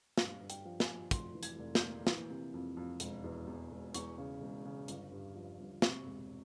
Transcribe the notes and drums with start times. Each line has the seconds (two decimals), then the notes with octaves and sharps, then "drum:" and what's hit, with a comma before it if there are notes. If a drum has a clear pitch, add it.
0.18 G2 F5, drum: snare
0.41 G2
0.50 G5, drum: hi-hat
0.65 F3
0.80 G#5, drum: snare
0.88 F3
1.11 F1 C6, drum: kick, hi-hat
1.35 E3
1.43 G#6, drum: hi-hat
1.59 F1
1.75 G6, drum: snare
1.83 A#3
2.07 E3, drum: snare
2.30 C3
2.54 F2
2.77 F2
3.00 E1, drum: hi-hat
3.24 E2
3.47 E2
3.71 E1
3.95 E2 C#6, drum: hi-hat
4.18 C#3
4.41 E1
4.65 C#3
4.88 G1, drum: hi-hat
5.12 G2
5.35 F3
5.60 G1
5.82 C3 C#6, drum: snare
6.06 E1